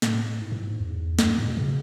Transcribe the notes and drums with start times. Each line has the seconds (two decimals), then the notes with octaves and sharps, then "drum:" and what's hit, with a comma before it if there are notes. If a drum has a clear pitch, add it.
0.02 A2, drum: snare
0.41 G#2
0.52 A2
0.62 G#2
0.80 E2
1.19 F#2, drum: snare
1.28 G#2
1.38 A2
1.47 B2
1.57 C#3